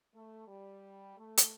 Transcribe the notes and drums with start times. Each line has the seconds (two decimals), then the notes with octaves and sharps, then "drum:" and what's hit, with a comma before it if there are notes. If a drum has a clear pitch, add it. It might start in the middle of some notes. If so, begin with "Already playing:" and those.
0.14 A3
0.48 G3
1.17 A3
1.37 drum: hi-hat